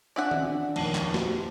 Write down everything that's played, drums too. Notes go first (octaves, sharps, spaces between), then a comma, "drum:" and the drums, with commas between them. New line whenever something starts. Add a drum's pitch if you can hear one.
D4 D5 E5 F#5 G#5
drum: tom D#3
D#1 G#1 F2 A5 C7 F#7, drum: cymbal
drum: clap
G4 C5, drum: snare